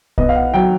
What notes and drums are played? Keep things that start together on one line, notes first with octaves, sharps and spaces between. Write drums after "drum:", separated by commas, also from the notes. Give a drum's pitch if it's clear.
B3 D#5, drum: kick
F5
F#5
F#3 G5